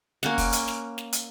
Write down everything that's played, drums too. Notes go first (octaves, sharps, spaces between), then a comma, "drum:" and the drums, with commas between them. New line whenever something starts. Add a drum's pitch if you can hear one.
A#3 C#4 F#5, drum: snare
drum: kick, open hi-hat
drum: hi-hat
drum: snare
drum: snare
drum: hi-hat